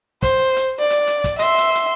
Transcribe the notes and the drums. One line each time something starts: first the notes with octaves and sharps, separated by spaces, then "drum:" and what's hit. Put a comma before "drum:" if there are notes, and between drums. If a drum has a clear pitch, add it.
C5, drum: kick, hi-hat
drum: hi-hat
D5
drum: hi-hat
drum: hi-hat
drum: kick, hi-hat
E5 C6, drum: hi-hat
drum: hi-hat
drum: hi-hat